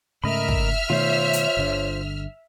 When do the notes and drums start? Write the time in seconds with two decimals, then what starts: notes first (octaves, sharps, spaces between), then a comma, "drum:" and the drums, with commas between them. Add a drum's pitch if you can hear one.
0.24 G#2 C#3 A3 A#4 D#5 E5 B5 F6
0.48 drum: kick
0.90 B2 D#3 A3 F4 C5 C#5
1.33 drum: hi-hat
1.57 G1 D3